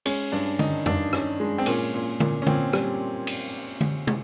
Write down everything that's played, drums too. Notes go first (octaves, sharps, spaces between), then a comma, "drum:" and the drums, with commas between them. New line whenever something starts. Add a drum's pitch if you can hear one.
G#3 C#4, drum: cymbal
G2 D4
D#3 D#4, drum: tom D3
G2 D4, drum: tom F2
C#4, drum: rim click
G#3
C4
A#2 C#4, drum: cymbal
A#2
A#2, drum: tom D3
C#4
A#2 C4, drum: tom D3
G3, drum: rim click
drum: cymbal
drum: tom D3
drum: tom